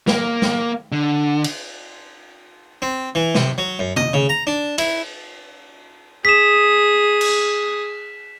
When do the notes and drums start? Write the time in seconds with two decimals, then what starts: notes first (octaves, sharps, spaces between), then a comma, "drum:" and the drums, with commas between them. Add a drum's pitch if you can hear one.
0.07 A#3, drum: snare
0.42 drum: snare
0.92 D3
1.44 drum: cymbal
2.82 C4
3.15 E3
3.35 C3, drum: snare
3.58 F#3
3.79 F#2
3.96 D#5, drum: tom
4.13 C#3, drum: tom D3
4.29 A#5
4.47 D4
4.78 E4, drum: cymbal
6.25 G#4 D#6 B6 E7
7.21 drum: cymbal